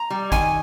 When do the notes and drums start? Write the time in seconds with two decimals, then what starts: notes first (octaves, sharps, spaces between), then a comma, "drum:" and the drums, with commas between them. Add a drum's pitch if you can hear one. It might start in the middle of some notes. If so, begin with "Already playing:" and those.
Already playing: A#5
0.10 G3
0.32 D#3 G#5, drum: kick, hi-hat